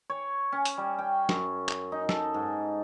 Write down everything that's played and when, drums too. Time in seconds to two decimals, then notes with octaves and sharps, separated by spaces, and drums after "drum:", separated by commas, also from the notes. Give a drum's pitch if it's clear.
0.10 C#5
0.52 C#4
0.65 drum: hi-hat
0.77 G3
0.99 G5
1.29 F#2, drum: snare
1.69 drum: clap
1.92 D#4
2.09 A4, drum: snare
2.34 G#2